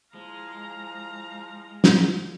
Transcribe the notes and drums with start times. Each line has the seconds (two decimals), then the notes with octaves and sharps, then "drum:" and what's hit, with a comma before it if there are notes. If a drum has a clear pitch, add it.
0.14 F3 G#3 E4 F5 A#5
1.84 drum: snare